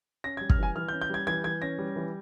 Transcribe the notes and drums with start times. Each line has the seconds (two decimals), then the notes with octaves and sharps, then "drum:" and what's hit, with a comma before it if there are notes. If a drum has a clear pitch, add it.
0.24 C#4 A#6
0.37 G#6
0.41 G3
0.50 F6, drum: kick
0.58 E3 G#5
0.76 E3 F6
0.89 G6
0.93 C#4
1.02 G6
1.10 G3 G#6
1.27 E3 G#6
1.44 E3 G#6
1.62 C#4 A#6
1.78 G3
1.96 E3